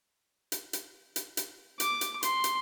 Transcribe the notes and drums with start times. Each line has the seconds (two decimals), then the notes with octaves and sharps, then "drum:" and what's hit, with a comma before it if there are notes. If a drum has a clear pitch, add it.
0.52 drum: hi-hat
0.73 drum: hi-hat
1.16 drum: hi-hat
1.37 drum: hi-hat
1.80 D6, drum: hi-hat
2.01 drum: hi-hat
2.23 C6, drum: hi-hat
2.44 drum: hi-hat